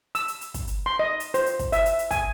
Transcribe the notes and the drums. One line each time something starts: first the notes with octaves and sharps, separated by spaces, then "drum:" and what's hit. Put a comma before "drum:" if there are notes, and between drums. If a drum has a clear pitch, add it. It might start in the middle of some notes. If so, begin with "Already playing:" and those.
E6, drum: hi-hat
drum: hi-hat
drum: hi-hat
drum: kick, hi-hat
drum: hi-hat
C6
D#5
drum: hi-hat
C5, drum: hi-hat
drum: hi-hat
drum: kick, hi-hat
E5, drum: hi-hat
drum: hi-hat
drum: hi-hat
G#5, drum: kick, hi-hat